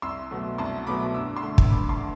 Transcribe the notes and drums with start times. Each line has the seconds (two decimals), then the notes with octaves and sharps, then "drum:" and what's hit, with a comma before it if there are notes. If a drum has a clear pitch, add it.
0.02 C2 C6 E6
0.31 B2 F#3 A3
0.58 C2 A5 C6
0.87 B2 F#3 A3 B5 D6
1.14 G2 E6
1.36 C6 E6
1.43 D3 A3
1.58 drum: kick
1.70 G2 B5 D6
1.89 A5 C6
1.98 D3